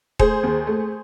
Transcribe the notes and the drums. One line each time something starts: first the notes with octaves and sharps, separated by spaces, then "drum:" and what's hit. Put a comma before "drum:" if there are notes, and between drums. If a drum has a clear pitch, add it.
A3 G#4 C5, drum: kick D#1
D#2
A3